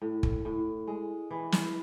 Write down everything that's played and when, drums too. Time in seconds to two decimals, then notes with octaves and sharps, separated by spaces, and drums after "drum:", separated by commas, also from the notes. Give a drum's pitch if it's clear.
0.02 A2
0.23 drum: kick
0.45 A2
0.87 G#3
1.31 E3
1.52 drum: snare